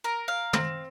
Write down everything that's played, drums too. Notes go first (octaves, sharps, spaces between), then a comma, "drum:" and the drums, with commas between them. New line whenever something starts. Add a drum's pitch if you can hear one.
A#4
F5
C4, drum: tom